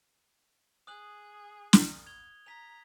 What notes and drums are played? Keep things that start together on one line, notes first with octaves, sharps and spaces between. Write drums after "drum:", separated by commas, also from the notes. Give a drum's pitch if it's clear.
G#4 D#6 F#6 F#7
drum: snare
G#6 F7 G7
A#5 B6 F7